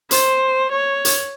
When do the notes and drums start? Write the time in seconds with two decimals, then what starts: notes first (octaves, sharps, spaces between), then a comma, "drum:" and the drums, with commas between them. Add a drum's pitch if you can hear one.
0.11 C5, drum: hi-hat
0.72 C#5
1.05 drum: hi-hat